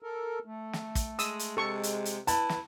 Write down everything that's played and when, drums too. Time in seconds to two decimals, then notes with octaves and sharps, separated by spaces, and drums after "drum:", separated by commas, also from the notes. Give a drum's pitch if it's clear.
0.02 A4 A#4
0.45 A3
0.73 drum: snare
0.95 drum: kick, hi-hat
1.19 G#3 D#6 E6, drum: hi-hat
1.39 drum: hi-hat
1.57 C3 G#3 A4 C#6
1.83 drum: hi-hat
2.05 drum: hi-hat
2.27 E4 B4 A5, drum: hi-hat
2.49 drum: snare